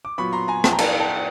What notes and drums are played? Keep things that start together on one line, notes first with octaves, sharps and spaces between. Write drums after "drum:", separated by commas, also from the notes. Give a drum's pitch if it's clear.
D6
A#2 F#3 B3 B5 C#6
A#5 C6
G#5 A#5
G5 A5, drum: rim click
A#5
G5 A5, drum: cymbal
G5 A5